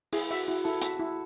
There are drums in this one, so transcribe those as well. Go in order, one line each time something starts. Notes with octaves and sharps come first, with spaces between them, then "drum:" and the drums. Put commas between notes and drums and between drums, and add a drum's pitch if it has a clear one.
E4 G#4, drum: open hi-hat
F#4 E5
E4 F#4
E4 A4
F#4 E5, drum: hi-hat
E4